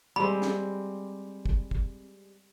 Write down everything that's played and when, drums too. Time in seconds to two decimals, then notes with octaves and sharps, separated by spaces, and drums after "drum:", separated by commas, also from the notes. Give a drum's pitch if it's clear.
0.16 G3 G#3 C4 B5
0.42 drum: snare
1.46 drum: kick
1.71 drum: kick